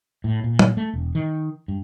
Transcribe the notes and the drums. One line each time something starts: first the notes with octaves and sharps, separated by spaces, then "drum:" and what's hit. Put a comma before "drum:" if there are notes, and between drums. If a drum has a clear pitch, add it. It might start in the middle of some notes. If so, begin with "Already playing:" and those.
A2
A#2
drum: tom
A3
E1
D#3
G2